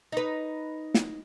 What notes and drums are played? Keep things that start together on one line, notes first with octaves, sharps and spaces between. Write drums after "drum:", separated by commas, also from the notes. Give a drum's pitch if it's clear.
D#4 B4
drum: snare